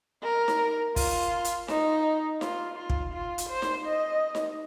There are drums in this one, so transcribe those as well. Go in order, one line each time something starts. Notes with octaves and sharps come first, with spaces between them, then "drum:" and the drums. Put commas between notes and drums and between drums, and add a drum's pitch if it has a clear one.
A#4
drum: snare D#4
F4, drum: kick, open hi-hat
drum: hi-hat
D#4, drum: snare D#4
F4, drum: snare D#4
F4
drum: kick
F4
drum: hi-hat
C5
drum: snare D#4
D#5
drum: snare D#4